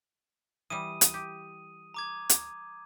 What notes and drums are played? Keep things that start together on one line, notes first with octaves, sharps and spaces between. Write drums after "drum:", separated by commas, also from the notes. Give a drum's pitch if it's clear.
E3 G3 D#6 D#7
drum: hi-hat
G4
A#5 D6 G#6
drum: hi-hat